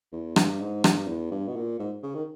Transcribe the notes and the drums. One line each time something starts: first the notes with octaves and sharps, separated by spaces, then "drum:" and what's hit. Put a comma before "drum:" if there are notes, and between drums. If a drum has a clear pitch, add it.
E2
G2, drum: rim click
G#2
G2, drum: rim click
E2
G2
B2
A#2
G#2
C#3
D#3